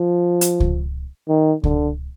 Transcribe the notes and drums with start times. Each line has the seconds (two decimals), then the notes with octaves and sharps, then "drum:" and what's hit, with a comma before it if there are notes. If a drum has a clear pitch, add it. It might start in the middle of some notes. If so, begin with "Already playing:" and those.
Already playing: F3
0.41 drum: hi-hat
0.60 drum: kick C#2
1.28 D#3
1.64 D3, drum: kick C#2